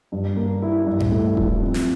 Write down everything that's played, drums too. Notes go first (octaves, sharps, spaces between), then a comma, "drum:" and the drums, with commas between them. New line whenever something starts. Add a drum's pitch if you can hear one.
G2
A#3
E4
G2
drum: tom G#2
A3
F3, drum: kick D#1
C4
drum: snare